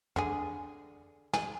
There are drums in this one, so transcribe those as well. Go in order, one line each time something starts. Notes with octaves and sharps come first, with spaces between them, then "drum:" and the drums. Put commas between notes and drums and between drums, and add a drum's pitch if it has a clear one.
D3 G#4, drum: tom
G#5, drum: snare